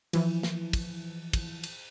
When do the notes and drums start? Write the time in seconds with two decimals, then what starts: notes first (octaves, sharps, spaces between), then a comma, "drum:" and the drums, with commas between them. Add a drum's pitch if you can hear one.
0.13 E3 F3, drum: cymbal
0.43 drum: snare
0.73 drum: kick, cymbal
1.33 drum: kick, cymbal
1.63 drum: cymbal